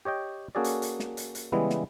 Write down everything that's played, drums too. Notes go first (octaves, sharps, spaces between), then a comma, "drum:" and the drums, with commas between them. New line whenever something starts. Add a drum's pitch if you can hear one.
G4 C#5 D#5 G5
A#3 C#4 F#4 G#4 A4 D5
drum: hi-hat
drum: hi-hat
drum: snare
drum: hi-hat
drum: hi-hat
C#3 E3 G3 G#3 B3 E4
drum: snare